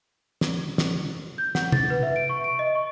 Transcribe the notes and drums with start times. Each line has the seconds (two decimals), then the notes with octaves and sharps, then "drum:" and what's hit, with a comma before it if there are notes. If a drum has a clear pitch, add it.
0.41 drum: snare
0.78 drum: snare
1.38 G6
1.55 F#5, drum: snare
1.72 A6, drum: tom C3
1.90 B4
2.03 E5
2.16 D7
2.29 C#6
2.44 D7
2.59 D#5
2.75 C#6